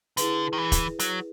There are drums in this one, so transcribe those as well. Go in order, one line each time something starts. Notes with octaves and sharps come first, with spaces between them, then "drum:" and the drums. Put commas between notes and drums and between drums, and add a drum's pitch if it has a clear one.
D3 E4 G#4 B4, drum: hi-hat
D#3
E3
drum: kick, hi-hat
F#3, drum: hi-hat